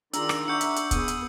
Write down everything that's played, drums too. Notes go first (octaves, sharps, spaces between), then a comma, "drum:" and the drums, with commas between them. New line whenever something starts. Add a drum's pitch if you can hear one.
D#3 D4 F4 G#4 D5 A#5 E6, drum: hi-hat
drum: rim click
D4 E5 F#5 C#6 D6 G6 C#7
drum: hi-hat
drum: hi-hat
B3 G#4 D#6, drum: kick, hi-hat
drum: hi-hat